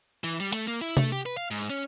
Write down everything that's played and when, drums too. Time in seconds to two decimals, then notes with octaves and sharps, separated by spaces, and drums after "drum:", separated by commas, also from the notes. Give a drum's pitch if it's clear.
0.24 E3
0.40 G3
0.52 A3, drum: hi-hat
0.68 A#3
0.82 E4
0.97 A3, drum: tom C3
1.12 G4
1.26 B4
1.37 F5
1.51 G#2
1.70 C#4